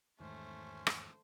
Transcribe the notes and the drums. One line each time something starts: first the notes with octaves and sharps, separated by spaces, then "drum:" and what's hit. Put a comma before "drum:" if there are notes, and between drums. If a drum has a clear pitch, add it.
E2 G#2 D#3 A3 C#4 C5
drum: rim click